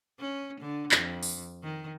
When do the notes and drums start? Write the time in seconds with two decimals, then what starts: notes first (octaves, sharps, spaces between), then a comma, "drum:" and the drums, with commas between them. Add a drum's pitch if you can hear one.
0.20 C#4
0.60 D3
0.91 F2, drum: clap
1.23 drum: open hi-hat
1.63 D#3